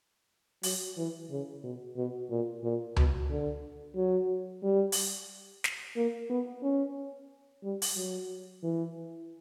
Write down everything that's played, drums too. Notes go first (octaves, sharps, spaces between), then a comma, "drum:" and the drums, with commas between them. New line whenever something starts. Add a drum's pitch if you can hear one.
F#3, drum: open hi-hat
E3
C#3
B2
B2
A#2
A#2
B2, drum: tom C#2
D3
F#3
G3
drum: open hi-hat
drum: snare
A#3
B3
C#4
G3
drum: open hi-hat
F#3
E3